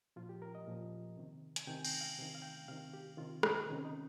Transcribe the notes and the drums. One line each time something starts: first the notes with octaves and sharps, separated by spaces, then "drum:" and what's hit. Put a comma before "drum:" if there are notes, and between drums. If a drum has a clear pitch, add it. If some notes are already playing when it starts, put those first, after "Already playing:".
A#2 F3 F4
G4
A#4
D#5
A#2 F3
C3 D#3
G#5, drum: hi-hat
C3 D#3 G5
G5, drum: cymbal
F5
C3 D#3
F5
G5
C3 D#3 F5
G4
C3 D#3 F4
D#4, drum: rim click
C3 D#3 C#4
D#4